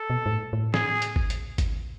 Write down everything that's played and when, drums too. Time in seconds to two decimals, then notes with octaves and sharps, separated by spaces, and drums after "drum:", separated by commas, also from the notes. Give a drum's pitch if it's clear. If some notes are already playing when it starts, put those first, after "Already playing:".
Already playing: A4
0.10 B2
0.26 G#2
0.31 A2
0.53 A2
0.74 G#4, drum: snare
1.02 drum: hi-hat
1.16 drum: kick G#1
1.30 drum: hi-hat
1.58 drum: kick G#1, hi-hat